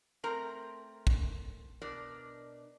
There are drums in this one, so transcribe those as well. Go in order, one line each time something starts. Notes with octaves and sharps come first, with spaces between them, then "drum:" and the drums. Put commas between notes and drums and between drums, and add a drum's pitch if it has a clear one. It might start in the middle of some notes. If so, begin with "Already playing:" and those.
A3 C4 A#4 A#5
drum: kick
B2 D4 A#4 D5